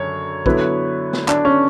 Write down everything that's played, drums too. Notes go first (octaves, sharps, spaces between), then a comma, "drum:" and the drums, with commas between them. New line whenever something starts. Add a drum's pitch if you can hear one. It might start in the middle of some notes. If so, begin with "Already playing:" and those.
Already playing: F#2 D3 C#5
D3 F#3 B3 E4 B4, drum: kick
drum: snare
D4, drum: clap
C#4